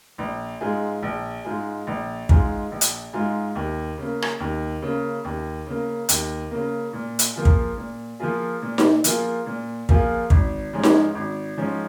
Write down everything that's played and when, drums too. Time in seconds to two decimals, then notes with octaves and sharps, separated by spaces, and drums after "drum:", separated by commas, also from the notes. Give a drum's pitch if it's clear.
0.18 A#1
0.61 G#2 G#3 F4 G#4
1.03 A#1
1.45 G#2 G#3 F4 G#4
1.87 A#1
2.29 G#2 G#3 F4 G#4, drum: kick
2.71 A#1
2.81 drum: hi-hat
3.13 G#2 G#3 F4 G#4
3.56 D#2
3.98 C#3 A#3
4.22 drum: rim click
4.40 D#2
4.82 C#3 A#3
5.25 D#2
5.66 C#3 A#3
6.09 D#2, drum: hi-hat
6.51 C#3 A#3
6.93 A#2
7.19 drum: hi-hat
7.36 F3 A#3 F4 G#4
7.45 drum: kick
7.77 A#2
8.20 F3 A#3 F4 G#4
8.62 A#2
8.78 drum: snare D#4
9.04 F3 A#3 F4 G#4, drum: hi-hat
9.46 A#2
9.89 F3 A#3 F4 G#4, drum: kick
10.30 G#1, drum: kick
10.73 G#2 F3 C#4 G#4
10.83 drum: snare D#4
11.15 G#1
11.57 G#2 F3 C#4 G#4